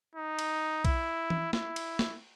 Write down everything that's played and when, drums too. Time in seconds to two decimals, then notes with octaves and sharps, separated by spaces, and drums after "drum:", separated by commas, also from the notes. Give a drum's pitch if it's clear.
0.15 D#4
0.39 drum: cymbal
0.85 E4, drum: kick B1, cymbal
1.30 drum: tom
1.53 E4, drum: snare
1.76 drum: cymbal
1.99 drum: snare